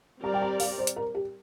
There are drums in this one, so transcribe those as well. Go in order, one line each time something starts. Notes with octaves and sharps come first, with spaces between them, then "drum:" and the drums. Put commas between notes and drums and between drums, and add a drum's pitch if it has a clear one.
G3 C4 G4 A#4 D5 A#5
G5
A#5
F5, drum: open hi-hat
C5
drum: hi-hat
A#4
G4